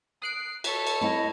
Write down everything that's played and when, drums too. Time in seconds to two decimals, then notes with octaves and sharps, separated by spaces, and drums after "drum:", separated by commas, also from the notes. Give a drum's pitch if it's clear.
0.22 D#6 F#6 C7 D7
0.64 A4 C#5 B6, drum: cymbal
0.87 drum: cymbal
1.01 A3 C4 E4 G#4 D#5 A5